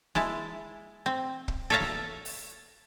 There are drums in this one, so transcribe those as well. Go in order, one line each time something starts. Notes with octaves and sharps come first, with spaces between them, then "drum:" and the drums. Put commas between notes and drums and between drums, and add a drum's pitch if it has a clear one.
G#3 E4 A5, drum: snare
C4
drum: kick
A4 C#5 E5 F5 A5 A#5
drum: snare
drum: open hi-hat